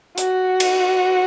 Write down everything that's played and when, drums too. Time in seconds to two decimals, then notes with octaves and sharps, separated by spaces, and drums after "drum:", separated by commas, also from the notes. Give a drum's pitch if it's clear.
0.18 F#4, drum: hi-hat
0.60 drum: cymbal